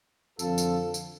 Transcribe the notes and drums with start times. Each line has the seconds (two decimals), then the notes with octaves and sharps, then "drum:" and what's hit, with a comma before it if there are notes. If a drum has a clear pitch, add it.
0.39 F2 D3 F3 F4 A4, drum: tambourine
0.58 drum: tambourine
0.94 drum: tambourine